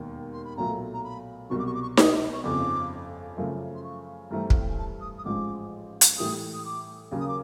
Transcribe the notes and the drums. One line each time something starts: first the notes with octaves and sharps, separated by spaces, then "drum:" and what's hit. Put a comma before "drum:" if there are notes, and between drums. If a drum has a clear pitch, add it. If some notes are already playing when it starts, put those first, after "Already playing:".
Already playing: E1 D#2 D#3
C6
B5
B1 A#2 F#3 A3 A#5
A#5
B5
C2 B2 F#3 C#6
D6
C#6
D6
C#6
D#6, drum: snare D#4
C#6
G1 F2 C#3 F3 D6
F#2 C#3 F3 A3
C6
C#6
G2 E3 A3 C4 A#5
F#5, drum: kick
G5
G#5
A5
D#6
D#6
A1 G#2 F3 G#3 D6
drum: hi-hat
A2 E3 G3 D#6
D#6
D6
D#2 C#3 F#3 A#3
D#6
D6